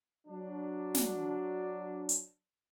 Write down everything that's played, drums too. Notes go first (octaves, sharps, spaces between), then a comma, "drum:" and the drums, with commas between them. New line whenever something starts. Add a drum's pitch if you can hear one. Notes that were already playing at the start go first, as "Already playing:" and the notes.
F#3 D4
drum: snare
drum: hi-hat